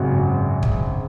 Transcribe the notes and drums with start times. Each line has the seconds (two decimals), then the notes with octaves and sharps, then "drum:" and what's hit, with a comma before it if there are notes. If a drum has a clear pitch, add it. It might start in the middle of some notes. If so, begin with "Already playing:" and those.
Already playing: G#1 F#2 C#3 F#4
0.63 drum: kick